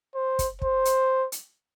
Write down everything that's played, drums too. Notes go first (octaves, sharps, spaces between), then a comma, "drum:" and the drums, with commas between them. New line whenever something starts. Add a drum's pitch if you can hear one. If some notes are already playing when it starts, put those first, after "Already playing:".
C5
drum: kick, hi-hat
C5, drum: kick
drum: hi-hat
drum: hi-hat